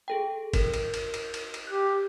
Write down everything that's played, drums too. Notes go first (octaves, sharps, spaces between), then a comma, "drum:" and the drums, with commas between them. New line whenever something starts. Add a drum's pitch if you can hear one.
G#4 A4 G5
A#4, drum: kick, cymbal
drum: cymbal
drum: cymbal
drum: cymbal
drum: cymbal
drum: cymbal
G4 F#6